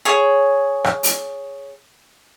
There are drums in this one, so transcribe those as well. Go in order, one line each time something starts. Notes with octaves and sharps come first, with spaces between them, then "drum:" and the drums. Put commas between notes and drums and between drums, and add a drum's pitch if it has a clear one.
G#4 C#5
drum: rim click
drum: hi-hat